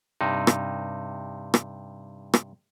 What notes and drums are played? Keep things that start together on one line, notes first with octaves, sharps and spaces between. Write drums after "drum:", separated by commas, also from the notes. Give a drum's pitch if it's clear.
G2 C3 D#4
drum: rim click
drum: rim click
drum: rim click